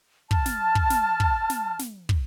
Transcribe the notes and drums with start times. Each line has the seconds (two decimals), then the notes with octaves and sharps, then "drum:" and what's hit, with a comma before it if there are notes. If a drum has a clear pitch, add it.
0.31 A5 F6, drum: kick
0.46 drum: snare
0.75 drum: kick
0.90 drum: snare
1.20 drum: kick
1.50 drum: snare
1.79 drum: snare
2.09 drum: kick